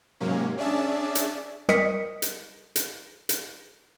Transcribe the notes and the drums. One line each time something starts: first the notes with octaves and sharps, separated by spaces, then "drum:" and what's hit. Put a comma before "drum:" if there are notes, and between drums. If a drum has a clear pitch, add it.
G#2 C3 F#3 A#3 C#4
C#4 D4 G#4 D5 E5 A5
drum: hi-hat
G3 A#4 D#5 D#6 B6 C#7, drum: rim click
drum: hi-hat
drum: hi-hat
drum: hi-hat